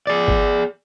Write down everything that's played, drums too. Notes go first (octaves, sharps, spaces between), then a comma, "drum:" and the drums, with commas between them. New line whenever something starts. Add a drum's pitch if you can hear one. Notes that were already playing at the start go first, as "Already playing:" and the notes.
G#4 D5
drum: kick G#1